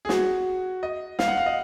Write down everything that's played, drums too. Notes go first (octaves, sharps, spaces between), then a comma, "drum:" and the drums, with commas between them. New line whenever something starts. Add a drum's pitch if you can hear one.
G#4
F#4, drum: snare
D#5
F5, drum: snare
F#5
F5
D#5